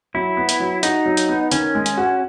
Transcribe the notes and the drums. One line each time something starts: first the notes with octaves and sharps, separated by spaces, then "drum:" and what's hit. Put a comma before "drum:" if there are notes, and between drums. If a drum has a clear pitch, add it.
F#3 E4
B3
drum: hi-hat
F#3
D#4 F#4, drum: hi-hat
F#3
drum: hi-hat
B3
D#3 C#4, drum: hi-hat
G#3
drum: hi-hat
F#4